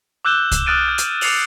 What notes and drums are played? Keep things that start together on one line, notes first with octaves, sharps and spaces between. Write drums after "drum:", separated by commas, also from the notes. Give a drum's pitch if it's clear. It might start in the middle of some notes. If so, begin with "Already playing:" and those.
D6 E6 F#6 G6 E7 G7
drum: kick C2, hi-hat
D#6 F6 F#6 A6 D7 D#7
G6
drum: hi-hat
D6 A6 C7 C#7 F7 F#7, drum: open hi-hat